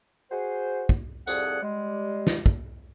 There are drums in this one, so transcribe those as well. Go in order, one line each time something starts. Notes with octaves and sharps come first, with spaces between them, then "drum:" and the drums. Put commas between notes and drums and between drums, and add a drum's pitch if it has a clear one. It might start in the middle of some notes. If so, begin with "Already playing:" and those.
F#4 G#4 C5
drum: kick
C2 F2 G#4 D5 F#5, drum: tambourine
G3 G#3
drum: snare
drum: kick